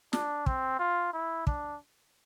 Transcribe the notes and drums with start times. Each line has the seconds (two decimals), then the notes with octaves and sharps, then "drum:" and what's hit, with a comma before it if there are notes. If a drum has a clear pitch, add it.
0.13 D4, drum: snare
0.46 C4, drum: kick
0.79 F4
1.13 E4
1.47 D4, drum: kick